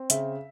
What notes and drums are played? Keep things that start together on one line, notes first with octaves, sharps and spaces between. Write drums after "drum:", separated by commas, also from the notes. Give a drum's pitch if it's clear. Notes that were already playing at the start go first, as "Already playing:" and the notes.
Already playing: C4
C#3 E5, drum: hi-hat